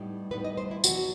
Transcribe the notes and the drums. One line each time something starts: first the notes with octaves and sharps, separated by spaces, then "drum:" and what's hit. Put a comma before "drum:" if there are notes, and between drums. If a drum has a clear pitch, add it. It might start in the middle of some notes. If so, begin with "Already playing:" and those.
Already playing: A2 G3 B3 D#4
A2 G3 B3 D#4 B4
D#5
C5
E4
E2 B2 F#3 F#4, drum: tambourine